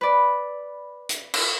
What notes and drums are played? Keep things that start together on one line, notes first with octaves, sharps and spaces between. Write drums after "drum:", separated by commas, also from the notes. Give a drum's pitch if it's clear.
B4 D5
drum: hi-hat
drum: cymbal